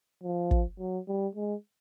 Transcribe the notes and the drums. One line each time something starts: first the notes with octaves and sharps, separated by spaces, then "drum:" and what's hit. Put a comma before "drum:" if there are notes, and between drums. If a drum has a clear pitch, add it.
F3
drum: kick
F#3
G3
G#3